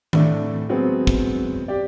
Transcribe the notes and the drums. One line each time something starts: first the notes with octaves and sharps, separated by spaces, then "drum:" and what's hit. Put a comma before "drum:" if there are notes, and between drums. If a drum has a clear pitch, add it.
A2 D3 A3 D5, drum: tom D#3
F#3 G#3 B3 C4
drum: kick
G4 D5